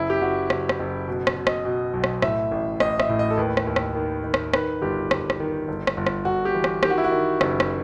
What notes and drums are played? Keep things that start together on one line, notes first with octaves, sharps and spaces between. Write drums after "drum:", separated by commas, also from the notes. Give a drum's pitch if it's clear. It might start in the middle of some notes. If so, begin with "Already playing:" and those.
Already playing: F#1 E4
G4
F#1 F#4
F#1, drum: rim click
drum: rim click
F#1
B2
drum: rim click
B2
D#5, drum: rim click
B2
B1
drum: rim click
A2 E5, drum: rim click
A1
A1 D#5, drum: rim click
E5, drum: rim click
A2
D#5
A4
D#2 B4
drum: rim click
D#2
drum: rim click
D#3
D#3
drum: rim click
D#3 B4, drum: rim click
G1 G4
G1, drum: rim click
drum: rim click
D#3
G1
drum: rim click
G1
drum: rim click
G1 F#4
G4
E3
drum: rim click
D#3 G4, drum: rim click
F#4
E4
F#4
D#3
F#1, drum: rim click
drum: rim click